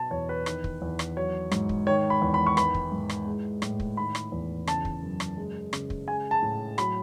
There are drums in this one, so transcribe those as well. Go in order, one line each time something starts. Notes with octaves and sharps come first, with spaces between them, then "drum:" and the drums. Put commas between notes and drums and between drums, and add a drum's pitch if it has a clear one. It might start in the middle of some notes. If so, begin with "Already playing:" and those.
Already playing: B2 A5
E2 C#5
B4
D#3, drum: rim click
drum: kick
E2
drum: rim click
F#3 C#5
G#2, drum: rim click
drum: kick
D#3 C#5
B5
E2
B5
C#6
E3 B5, drum: rim click
drum: kick
G#2
drum: rim click
G#3
A2, drum: rim click
drum: kick
D#3 B5
drum: rim click
E2
C#3 A5, drum: rim click
drum: kick
F#2
drum: rim click
G#3
C#3, drum: rim click
drum: kick
G#3 G#5
A5
A2
F#3 B5, drum: rim click